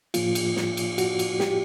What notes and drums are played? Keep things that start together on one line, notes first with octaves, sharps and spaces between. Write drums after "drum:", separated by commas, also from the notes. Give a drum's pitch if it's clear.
A2 F3 A#3 F4, drum: cymbal
drum: cymbal
drum: snare
drum: cymbal
F#4, drum: cymbal
drum: cymbal
G4, drum: snare